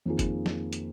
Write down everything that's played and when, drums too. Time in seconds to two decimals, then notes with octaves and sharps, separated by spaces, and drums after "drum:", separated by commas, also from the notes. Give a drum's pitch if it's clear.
0.06 F2 D#3 A#3 F4 G#4
0.19 drum: kick, hi-hat
0.46 drum: snare
0.73 drum: hi-hat